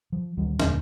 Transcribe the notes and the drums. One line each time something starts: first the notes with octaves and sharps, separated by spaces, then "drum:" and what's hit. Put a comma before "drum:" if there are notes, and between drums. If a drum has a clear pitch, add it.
F3
D2 D#3 G3
D#1 F2 D3 A3, drum: snare